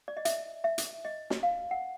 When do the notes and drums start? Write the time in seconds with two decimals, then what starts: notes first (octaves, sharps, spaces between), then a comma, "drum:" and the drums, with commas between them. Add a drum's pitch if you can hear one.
0.08 D5
0.17 D#5
0.25 E5, drum: hi-hat
0.64 E5
0.78 drum: hi-hat
1.05 D#5
1.30 drum: snare
1.43 F5
1.71 F#5